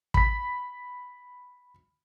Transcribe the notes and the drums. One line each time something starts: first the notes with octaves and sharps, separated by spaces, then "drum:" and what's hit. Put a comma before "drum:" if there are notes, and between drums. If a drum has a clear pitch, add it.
B5 B6, drum: kick